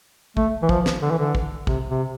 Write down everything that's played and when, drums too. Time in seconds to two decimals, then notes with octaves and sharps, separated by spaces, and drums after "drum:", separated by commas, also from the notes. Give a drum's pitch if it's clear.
0.37 A3, drum: kick
0.63 E3
0.69 F3, drum: kick
0.86 drum: snare
1.02 D3
1.11 E3
1.18 D3
1.35 drum: kick
1.67 C3, drum: kick
1.90 C3